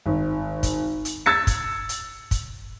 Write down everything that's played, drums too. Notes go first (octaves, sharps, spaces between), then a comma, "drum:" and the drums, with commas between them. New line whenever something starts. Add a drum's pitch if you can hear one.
G#1
drum: kick, hi-hat
drum: hi-hat
E6 G#6 A6 C#7
drum: kick, hi-hat
drum: hi-hat
drum: kick, hi-hat